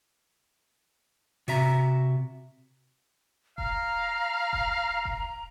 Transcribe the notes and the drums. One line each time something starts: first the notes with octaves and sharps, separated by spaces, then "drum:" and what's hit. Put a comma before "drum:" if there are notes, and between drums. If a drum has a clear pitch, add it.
C3 F#4 E5 A#5, drum: open hi-hat
F5 A#5, drum: kick E1
drum: kick E1
drum: kick E1